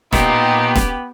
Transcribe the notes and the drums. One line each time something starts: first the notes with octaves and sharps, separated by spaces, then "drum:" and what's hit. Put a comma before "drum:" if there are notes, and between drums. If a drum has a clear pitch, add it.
A#2 B3 D#4 G4, drum: snare
drum: snare